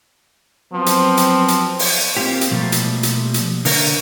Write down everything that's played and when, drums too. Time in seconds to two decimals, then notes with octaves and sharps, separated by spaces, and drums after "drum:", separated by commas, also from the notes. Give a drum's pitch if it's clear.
0.73 F3 F#3 B3 C4
0.86 drum: hi-hat
1.17 drum: hi-hat
1.48 drum: hi-hat
1.79 drum: open hi-hat
2.17 A#3 C4 F4 G4
2.41 drum: hi-hat
2.51 B2 F3 G3 A3 A#3
2.72 drum: hi-hat
3.03 drum: hi-hat
3.34 drum: hi-hat
3.65 D3 A#4, drum: open hi-hat